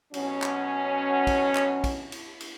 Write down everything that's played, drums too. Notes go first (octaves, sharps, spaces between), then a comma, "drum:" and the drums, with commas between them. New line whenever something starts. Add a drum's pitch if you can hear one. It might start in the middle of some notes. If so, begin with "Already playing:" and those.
B2 F#3 C#4, drum: cymbal
drum: clap
drum: kick, cymbal
drum: clap
drum: kick, cymbal
drum: cymbal
drum: cymbal